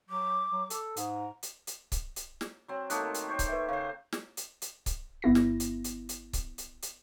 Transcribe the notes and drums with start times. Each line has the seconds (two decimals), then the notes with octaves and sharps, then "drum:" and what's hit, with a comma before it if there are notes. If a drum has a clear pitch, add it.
0.09 F#3 D6
0.51 F#3
0.70 A4, drum: hi-hat
0.96 G#2 D#6, drum: hi-hat
1.13 A#5
1.43 drum: hi-hat
1.67 drum: hi-hat
1.92 drum: kick C#1, hi-hat
2.16 drum: hi-hat
2.41 drum: snare
2.68 F#3 C4
2.90 D#3 A3 A#3 A5 D#6 F#6, drum: hi-hat
3.14 drum: hi-hat
3.29 C5 C#5 G5
3.39 drum: kick C#1, hi-hat
3.48 B4 E5
3.69 C#3 C5 F5
4.13 drum: snare
4.37 drum: hi-hat
4.62 drum: hi-hat
4.86 drum: kick C#1, hi-hat
5.22 G1 B3 E4 A#6
5.35 drum: snare
5.60 drum: hi-hat
5.84 drum: hi-hat
6.09 drum: hi-hat
6.33 drum: kick C#1, hi-hat
6.58 drum: hi-hat
6.82 drum: hi-hat